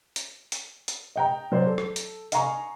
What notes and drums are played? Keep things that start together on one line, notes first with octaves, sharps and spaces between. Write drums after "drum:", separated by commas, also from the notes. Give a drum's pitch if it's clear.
drum: hi-hat
drum: hi-hat
drum: hi-hat
D#5 G5 A#5
F#3 C5 D5
A4
drum: rim click
drum: hi-hat
D#5 F5 G#5 A#5 C#6, drum: hi-hat